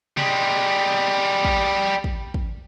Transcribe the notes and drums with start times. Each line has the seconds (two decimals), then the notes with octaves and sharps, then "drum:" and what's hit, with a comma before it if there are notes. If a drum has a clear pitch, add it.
0.17 G3 G#3, drum: tom C3
1.45 drum: kick
2.04 drum: kick
2.34 drum: kick